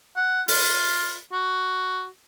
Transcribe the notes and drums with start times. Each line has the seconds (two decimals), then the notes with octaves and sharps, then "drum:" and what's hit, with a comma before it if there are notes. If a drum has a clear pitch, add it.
0.16 F#5
0.48 F4, drum: open hi-hat
1.32 F#4